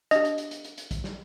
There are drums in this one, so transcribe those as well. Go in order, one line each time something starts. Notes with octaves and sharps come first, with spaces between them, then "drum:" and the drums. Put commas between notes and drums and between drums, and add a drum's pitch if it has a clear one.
D4 G4 D#5, drum: hi-hat
drum: hi-hat
drum: hi-hat
drum: hi-hat
drum: hi-hat
drum: hi-hat
drum: kick, hi-hat
drum: snare